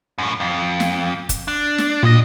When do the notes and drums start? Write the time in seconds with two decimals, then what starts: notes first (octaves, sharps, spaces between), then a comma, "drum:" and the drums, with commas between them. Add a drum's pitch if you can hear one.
0.18 F#2 A2
0.40 F2
0.80 drum: snare
1.29 drum: kick F#1, hi-hat
1.48 D4
1.78 drum: snare
2.03 D#2 A#2 D#5 A#6